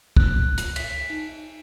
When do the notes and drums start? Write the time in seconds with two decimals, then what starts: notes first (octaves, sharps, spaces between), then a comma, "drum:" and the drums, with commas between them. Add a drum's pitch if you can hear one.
0.17 F#6, drum: kick
0.58 drum: hi-hat
0.76 B6, drum: cymbal
1.10 D#4